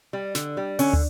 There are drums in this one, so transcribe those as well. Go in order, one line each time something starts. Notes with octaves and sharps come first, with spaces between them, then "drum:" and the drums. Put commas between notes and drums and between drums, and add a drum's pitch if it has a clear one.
G3
D3, drum: snare
G3
D3 C#4, drum: open hi-hat
drum: tom